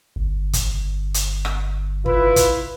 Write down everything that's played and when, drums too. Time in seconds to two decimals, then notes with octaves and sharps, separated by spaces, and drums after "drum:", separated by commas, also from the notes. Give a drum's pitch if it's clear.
0.16 G1
0.53 drum: kick, hi-hat
1.14 drum: hi-hat
1.45 drum: rim click
2.06 E4 F4 B4, drum: kick
2.36 drum: kick, hi-hat